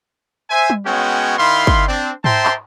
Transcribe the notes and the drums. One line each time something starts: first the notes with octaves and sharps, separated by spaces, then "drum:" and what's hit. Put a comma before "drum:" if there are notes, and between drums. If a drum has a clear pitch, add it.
C5 E5 G#5
drum: tom G3
G#3 B3 C#4 F#4 C#5 G5
D#3 E4 F5 B5 C6
drum: kick
C4 D4
C5 E5 G5 A5 A#5 C6, drum: tom G#2
drum: clap